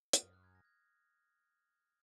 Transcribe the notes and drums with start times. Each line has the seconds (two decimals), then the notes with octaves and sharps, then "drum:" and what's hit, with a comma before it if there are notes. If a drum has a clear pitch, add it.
0.13 D#6, drum: hi-hat
0.22 F#2 F6
0.33 F#6
0.44 G#6
0.55 A#6
0.65 G#6